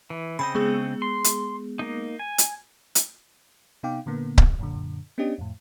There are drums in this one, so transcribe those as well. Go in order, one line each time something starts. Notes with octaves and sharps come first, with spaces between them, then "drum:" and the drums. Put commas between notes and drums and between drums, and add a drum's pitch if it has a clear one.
E3
C#3 C4 D#5 B5
G#3 B3 G#4
C6
drum: hi-hat
A#3 D#4
G#5
drum: hi-hat
drum: hi-hat
C3 B3 D#4 F5 G5 D6
A#2 D3 A#3 B3
drum: kick C#1
F#2 A#2 D3
B3 C#4 D4 G4 D#5
F2 A2